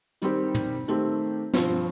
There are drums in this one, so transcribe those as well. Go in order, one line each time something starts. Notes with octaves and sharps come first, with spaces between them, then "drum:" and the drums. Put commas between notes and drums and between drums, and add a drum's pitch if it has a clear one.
D#3 G3 C4 G4, drum: hi-hat
drum: tom
D#3 A3 C4 G4, drum: hi-hat
G2 F3 C4 F4, drum: snare